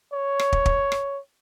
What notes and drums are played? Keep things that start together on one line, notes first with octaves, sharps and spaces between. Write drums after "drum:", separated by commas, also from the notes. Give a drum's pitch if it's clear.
C#5
drum: rim click
drum: kick
drum: kick
drum: rim click